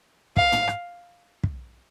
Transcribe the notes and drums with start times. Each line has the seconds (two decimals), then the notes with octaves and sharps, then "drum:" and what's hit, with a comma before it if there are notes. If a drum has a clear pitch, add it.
0.37 F5, drum: kick
0.52 drum: tom
0.68 drum: rim click
1.44 drum: kick